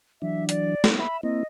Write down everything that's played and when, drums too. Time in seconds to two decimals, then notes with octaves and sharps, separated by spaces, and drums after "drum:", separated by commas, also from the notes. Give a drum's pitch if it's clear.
0.22 E3 F#3 D4 E5
0.49 D5, drum: hi-hat
0.84 drum: snare
0.99 E5 B5
1.23 A#3 C4 E4 D#5